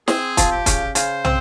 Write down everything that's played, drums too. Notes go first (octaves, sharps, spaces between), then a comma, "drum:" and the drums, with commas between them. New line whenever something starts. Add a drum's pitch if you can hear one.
C4 G#4, drum: snare
F3, drum: kick, hi-hat
G4
C#3, drum: kick, hi-hat
C#3 C5, drum: hi-hat
C4, drum: tom